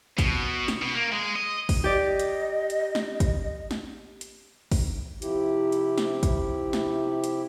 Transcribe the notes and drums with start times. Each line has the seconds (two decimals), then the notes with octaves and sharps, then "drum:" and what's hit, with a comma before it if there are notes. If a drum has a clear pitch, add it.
0.18 B2, drum: kick, hi-hat
0.68 drum: snare
0.82 B2
0.95 A#3
1.12 G#3
1.36 D#5
1.69 drum: kick, open hi-hat
1.84 G4 D5 D#5
2.19 drum: hi-hat
2.70 drum: hi-hat
2.95 drum: snare
3.20 drum: kick, hi-hat
3.71 drum: snare
4.21 drum: hi-hat
4.72 drum: kick, open hi-hat
5.22 C3 F3 E4 G4, drum: hi-hat
5.72 drum: hi-hat
5.98 drum: snare
6.23 drum: kick, hi-hat
6.73 drum: snare
7.24 drum: hi-hat